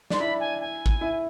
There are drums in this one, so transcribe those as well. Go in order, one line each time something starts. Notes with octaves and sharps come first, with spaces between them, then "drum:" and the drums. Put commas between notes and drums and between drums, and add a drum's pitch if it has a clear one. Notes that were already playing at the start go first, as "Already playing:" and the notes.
D4 C6, drum: snare
E4 B5
G#5
G#5
drum: kick
E4